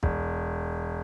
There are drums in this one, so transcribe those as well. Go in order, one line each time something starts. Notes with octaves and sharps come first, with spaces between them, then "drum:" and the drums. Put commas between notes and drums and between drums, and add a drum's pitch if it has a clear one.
E1, drum: kick